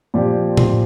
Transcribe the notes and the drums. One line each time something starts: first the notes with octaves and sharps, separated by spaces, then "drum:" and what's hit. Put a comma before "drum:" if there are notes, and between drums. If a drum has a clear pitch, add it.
A#2 F3 C4 G4 D5
drum: tom A2